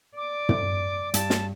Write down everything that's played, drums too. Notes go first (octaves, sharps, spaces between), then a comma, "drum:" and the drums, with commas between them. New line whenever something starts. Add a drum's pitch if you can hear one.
D5 D6
drum: tom
G2 A5, drum: hi-hat
drum: snare